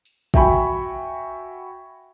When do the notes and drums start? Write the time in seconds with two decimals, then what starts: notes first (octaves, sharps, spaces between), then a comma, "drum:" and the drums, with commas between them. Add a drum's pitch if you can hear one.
0.05 drum: tambourine
0.34 F#4 E5 G5 G#5 B5 C#6, drum: kick